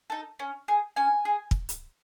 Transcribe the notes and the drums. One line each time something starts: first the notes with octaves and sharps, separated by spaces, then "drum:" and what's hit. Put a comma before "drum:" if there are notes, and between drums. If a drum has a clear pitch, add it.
D#4 A4
C#4
G#4
C#4 G#5
G#4
drum: kick
drum: hi-hat